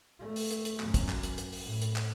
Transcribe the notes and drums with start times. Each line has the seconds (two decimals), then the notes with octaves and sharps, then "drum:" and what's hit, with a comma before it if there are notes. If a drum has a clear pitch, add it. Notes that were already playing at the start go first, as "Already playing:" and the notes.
0.19 A3
0.36 drum: open hi-hat
0.51 drum: hi-hat
0.65 drum: hi-hat
0.80 F#2, drum: clap
0.94 drum: kick, hi-hat
1.09 drum: clap
1.23 drum: hi-hat
1.38 drum: hi-hat
1.52 drum: open hi-hat
1.63 A2
1.82 drum: hi-hat
1.96 drum: clap